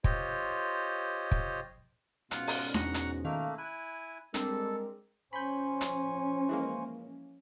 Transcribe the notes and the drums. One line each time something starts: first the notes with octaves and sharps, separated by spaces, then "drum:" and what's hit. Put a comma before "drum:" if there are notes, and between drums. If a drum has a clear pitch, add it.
F4 G4 C5 C#5 D#5, drum: kick
drum: kick
G#2 B2 C#4 F4 F5 F#5, drum: hi-hat
drum: open hi-hat
E2 F#5 A#5 C#6, drum: snare D4
drum: hi-hat
D#3 A3 A#3 F5
E4 G#5 F#6
G3 G#3 C4 D4 A4 A#4, drum: hi-hat
F3 C#4 C5 G#5 B5 C#6 G6
drum: hi-hat
E3 G#3 A#3